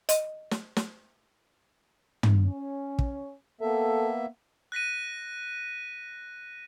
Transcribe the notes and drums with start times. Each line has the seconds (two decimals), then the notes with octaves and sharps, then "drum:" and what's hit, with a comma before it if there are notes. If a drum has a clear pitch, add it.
0.09 D#5, drum: hi-hat
0.51 drum: snare
0.77 drum: snare
2.23 drum: tom
2.47 C#4
2.99 drum: kick
3.61 A#3 B3 A4 E5
4.72 F#6 A#6 B6 D#7